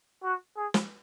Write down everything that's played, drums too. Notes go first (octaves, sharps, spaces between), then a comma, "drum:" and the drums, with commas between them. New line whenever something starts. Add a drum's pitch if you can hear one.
F#4
G#4
drum: snare